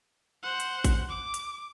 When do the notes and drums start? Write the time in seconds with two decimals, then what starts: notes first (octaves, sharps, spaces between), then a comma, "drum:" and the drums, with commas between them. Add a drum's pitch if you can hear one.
0.43 C5 F#5
0.60 drum: hi-hat
0.84 drum: kick A1, hi-hat
1.09 D6
1.34 drum: hi-hat